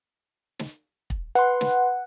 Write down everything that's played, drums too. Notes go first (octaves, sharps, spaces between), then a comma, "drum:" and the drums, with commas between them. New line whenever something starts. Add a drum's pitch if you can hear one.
drum: snare
drum: kick
B4 F#5 C6, drum: hi-hat
drum: snare